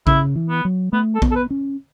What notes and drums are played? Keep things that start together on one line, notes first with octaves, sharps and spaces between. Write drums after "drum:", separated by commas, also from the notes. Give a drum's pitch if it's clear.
C#3 E4, drum: kick A#1
E3
B3
F#3
A3 B3
A4
B3, drum: kick A#1
A4
B4
C#4